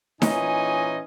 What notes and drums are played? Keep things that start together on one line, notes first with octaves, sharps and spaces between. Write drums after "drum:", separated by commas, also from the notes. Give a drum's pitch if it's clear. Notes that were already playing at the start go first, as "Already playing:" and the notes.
A#2 E3 C#4 D#4 D#5 G#5, drum: snare D#4